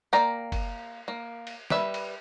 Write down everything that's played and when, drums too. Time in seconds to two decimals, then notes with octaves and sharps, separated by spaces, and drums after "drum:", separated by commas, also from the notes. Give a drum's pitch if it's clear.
0.13 A#3 D5 G5 A#5
0.52 drum: kick F#1, cymbal
1.08 A#3
1.47 drum: cymbal
1.70 G3 B4 E5, drum: snare
1.94 drum: cymbal